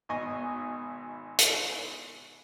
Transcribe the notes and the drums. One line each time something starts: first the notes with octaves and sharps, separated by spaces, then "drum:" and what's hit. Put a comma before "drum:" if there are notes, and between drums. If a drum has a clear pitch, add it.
G#1 B2 D#5 G#5 C#6 D#6
drum: hi-hat